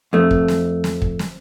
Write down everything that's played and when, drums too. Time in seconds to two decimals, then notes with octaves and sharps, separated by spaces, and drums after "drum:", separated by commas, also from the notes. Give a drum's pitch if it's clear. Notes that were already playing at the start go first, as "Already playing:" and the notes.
0.13 F2 A3
0.31 drum: kick
0.48 drum: snare
0.84 drum: snare
1.02 drum: kick
1.19 drum: snare